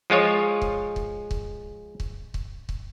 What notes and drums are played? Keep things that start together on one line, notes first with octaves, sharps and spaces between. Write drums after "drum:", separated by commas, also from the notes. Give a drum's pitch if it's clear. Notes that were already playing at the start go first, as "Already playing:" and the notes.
F3 G#3 F4 C#5
drum: kick C#1
drum: kick C#1
drum: kick C#1
drum: kick C#1
drum: kick C#1
drum: kick C#1